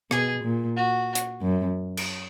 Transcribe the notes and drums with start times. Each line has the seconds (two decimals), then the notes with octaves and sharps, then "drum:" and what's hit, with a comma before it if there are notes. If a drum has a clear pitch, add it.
0.11 B2 G#4, drum: rim click
0.44 A#2
0.77 F#4
1.15 drum: hi-hat
1.42 F#2
1.97 drum: cymbal